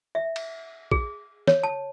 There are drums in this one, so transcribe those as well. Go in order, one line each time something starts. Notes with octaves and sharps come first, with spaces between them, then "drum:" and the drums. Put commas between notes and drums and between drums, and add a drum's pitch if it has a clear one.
E5
drum: cymbal
G#4, drum: kick
C#5, drum: snare
A5